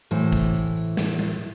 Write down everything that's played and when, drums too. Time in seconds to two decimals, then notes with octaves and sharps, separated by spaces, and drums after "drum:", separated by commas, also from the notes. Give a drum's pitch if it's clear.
0.11 A2 E3 C5, drum: tambourine
0.32 drum: kick, tambourine
0.54 drum: tambourine
0.76 drum: tambourine
0.97 drum: snare
1.19 drum: tom G3